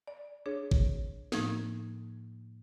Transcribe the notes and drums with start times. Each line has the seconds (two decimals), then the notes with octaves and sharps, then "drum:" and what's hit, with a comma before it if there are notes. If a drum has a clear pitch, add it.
0.07 D5
0.46 D4 G#4 C#5
0.71 drum: kick
1.32 A2 F3 A#3 D#4, drum: snare